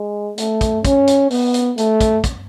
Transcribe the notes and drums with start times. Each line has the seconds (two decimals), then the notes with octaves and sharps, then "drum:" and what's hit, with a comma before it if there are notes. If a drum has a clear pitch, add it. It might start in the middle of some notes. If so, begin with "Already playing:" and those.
Already playing: G#3
0.38 A3, drum: hi-hat
0.61 drum: kick, hi-hat
0.85 C#4, drum: kick, hi-hat
1.07 drum: hi-hat
1.31 B3, drum: open hi-hat
1.54 drum: hi-hat
1.78 A3, drum: hi-hat
2.01 drum: kick, hi-hat
2.24 drum: kick, hi-hat